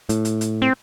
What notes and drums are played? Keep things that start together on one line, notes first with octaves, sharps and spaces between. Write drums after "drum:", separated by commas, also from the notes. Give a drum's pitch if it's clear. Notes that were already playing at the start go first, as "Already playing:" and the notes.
A2, drum: hi-hat
drum: hi-hat
drum: hi-hat
C4